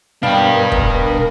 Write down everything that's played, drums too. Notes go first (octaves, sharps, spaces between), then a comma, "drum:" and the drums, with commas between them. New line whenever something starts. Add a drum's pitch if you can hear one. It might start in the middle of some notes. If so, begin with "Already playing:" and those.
B2 G3 D4 A#4 F5 G5
drum: kick